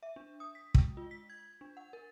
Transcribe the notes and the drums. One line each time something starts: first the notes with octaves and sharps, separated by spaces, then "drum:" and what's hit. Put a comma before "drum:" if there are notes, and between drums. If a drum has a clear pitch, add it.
E5
D4
D#6
B6
G#3, drum: kick
F4
B6
G#6
D4
F#5
A#4